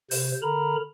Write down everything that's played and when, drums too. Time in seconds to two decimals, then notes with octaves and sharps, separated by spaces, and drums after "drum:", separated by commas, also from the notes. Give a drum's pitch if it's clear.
0.11 C3 C5, drum: open hi-hat
0.42 D3 A#4 A#5 B5